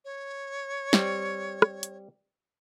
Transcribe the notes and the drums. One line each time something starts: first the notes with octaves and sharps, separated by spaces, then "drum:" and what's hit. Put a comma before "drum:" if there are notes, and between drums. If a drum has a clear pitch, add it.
C#5
G3 C4, drum: snare
drum: rim click
drum: hi-hat